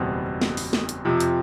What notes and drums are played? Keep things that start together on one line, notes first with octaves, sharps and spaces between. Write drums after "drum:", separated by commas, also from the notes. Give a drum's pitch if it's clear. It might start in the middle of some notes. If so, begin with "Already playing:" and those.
Already playing: F#1 E2 B2 G3 C4
drum: snare
drum: open hi-hat
drum: snare
drum: hi-hat
F2 C3 F3
drum: hi-hat